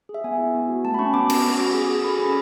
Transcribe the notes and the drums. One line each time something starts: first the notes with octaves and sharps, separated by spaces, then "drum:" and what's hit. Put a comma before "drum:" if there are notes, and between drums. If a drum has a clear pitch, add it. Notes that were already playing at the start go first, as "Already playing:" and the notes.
G#4
E5
B3 G#5
E4
B3
F#4
A3 A5
B5
C#4 C#6
B3 D6
F#4, drum: cymbal
C#4
F#4
G#4
G#4
A4 B5
C#4